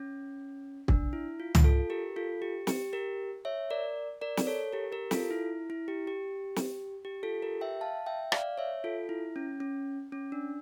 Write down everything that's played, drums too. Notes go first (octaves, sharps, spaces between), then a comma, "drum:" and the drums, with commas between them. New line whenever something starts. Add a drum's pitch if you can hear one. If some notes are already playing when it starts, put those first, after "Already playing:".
Already playing: C#4
D4, drum: kick
E4
F4
drum: tom
F4 A4
G4 A#4
F4 A4
G4
G4, drum: snare
G4 A#4
C#5 E5
A#4 D5
A#4 D5
drum: snare
A4 C#5
G4 A#4
G4 A#4
F4 A4, drum: snare
E4
E4
G4
G4
drum: snare
G4
F4 A4
G4 A#4
E5 G5
F5 A5
E5 G5
D5 F5, drum: rim click
C#5 E5
F4 A4
E4
C#4
C#4
C#4
D4